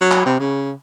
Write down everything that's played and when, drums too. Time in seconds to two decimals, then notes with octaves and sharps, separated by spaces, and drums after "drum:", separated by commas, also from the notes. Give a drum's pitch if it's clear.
0.01 F#3
0.11 drum: clap
0.26 C3
0.40 C#3